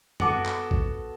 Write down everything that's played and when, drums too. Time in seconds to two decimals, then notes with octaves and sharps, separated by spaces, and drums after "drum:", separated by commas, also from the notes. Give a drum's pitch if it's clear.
0.20 B3 F#4 A4 D6, drum: tom
0.46 drum: clap
0.71 drum: kick A1